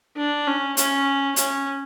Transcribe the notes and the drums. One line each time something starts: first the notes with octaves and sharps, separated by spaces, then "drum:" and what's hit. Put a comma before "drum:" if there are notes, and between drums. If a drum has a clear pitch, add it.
D4
C#4
C#4, drum: hi-hat
C#4, drum: hi-hat